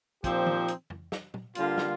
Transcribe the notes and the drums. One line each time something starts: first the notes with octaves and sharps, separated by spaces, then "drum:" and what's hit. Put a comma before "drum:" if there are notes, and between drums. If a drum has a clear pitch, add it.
A#2 F3 C4 D#4 G4, drum: kick, hi-hat
drum: tom D#3
drum: hi-hat
drum: tom F2
drum: snare
drum: tom A#2
D3 G3 A#3 F4, drum: hi-hat
drum: snare